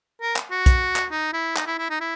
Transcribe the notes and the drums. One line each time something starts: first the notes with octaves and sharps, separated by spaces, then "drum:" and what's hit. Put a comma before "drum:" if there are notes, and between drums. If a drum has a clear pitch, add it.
A#4
drum: clap
F#4
drum: kick B1, hi-hat
drum: clap
D#4
E4
D#4, drum: clap
E4
E4
D#4
E4